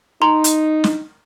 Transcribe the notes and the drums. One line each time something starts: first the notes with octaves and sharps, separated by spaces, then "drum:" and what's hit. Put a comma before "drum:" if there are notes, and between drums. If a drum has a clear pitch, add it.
D#4 A#5 C6
drum: hi-hat
drum: snare